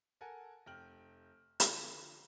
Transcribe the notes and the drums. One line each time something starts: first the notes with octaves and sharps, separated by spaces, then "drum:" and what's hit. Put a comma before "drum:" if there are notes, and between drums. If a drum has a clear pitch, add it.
A4 A#4 F#5 G#5
F1 G5 F6 F#7
D3 F3, drum: hi-hat